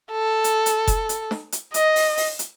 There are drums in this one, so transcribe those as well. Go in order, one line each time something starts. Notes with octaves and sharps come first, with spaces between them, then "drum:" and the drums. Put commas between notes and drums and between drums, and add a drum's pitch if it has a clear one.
A4
drum: hi-hat
drum: hi-hat
drum: kick F1, hi-hat
drum: hi-hat
drum: snare
drum: hi-hat
D#5, drum: hi-hat
drum: open hi-hat
drum: open hi-hat
drum: hi-hat